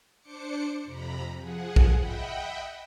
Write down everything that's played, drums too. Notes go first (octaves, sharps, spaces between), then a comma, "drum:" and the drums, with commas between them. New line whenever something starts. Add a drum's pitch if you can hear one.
D4 C5 D6 C#7
F2 C3 A#5 B5
F3 G#4 F#5
drum: kick B1
D#5 E5 F#5 G5 B5